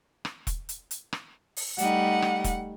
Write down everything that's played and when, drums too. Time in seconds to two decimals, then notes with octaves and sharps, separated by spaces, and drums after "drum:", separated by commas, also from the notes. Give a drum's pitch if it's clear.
0.25 drum: rim click
0.47 drum: kick E1, hi-hat
0.69 drum: hi-hat
0.91 drum: hi-hat
1.13 drum: rim click
1.57 drum: open hi-hat
1.78 G3 A3 D#4 F#5, drum: hi-hat
2.22 drum: rim click
2.44 drum: kick E1, hi-hat